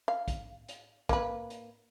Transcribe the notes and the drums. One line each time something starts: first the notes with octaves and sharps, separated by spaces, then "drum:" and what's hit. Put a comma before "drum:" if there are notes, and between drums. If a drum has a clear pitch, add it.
F5
drum: kick, hi-hat
drum: hi-hat
A#3 B4, drum: kick, hi-hat
drum: hi-hat